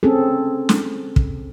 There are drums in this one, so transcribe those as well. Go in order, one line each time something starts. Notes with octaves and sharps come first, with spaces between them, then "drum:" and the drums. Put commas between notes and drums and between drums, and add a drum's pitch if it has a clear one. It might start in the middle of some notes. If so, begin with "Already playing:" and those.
C4 C#4 G#4 A4
drum: snare
drum: kick